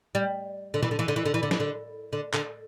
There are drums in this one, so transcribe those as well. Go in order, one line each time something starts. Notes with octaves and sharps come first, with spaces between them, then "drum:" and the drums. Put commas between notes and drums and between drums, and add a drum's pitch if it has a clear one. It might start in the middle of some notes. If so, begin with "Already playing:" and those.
G3
D3
E3, drum: tom A#2
D3
E3
D3
E3
D3
E3
D3
E3, drum: snare
D3
D3
D3, drum: clap